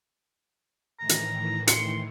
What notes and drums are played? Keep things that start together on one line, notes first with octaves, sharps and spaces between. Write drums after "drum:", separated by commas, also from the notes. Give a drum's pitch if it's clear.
A2 D#3 E3 A#5
drum: hi-hat
C6 C#7, drum: hi-hat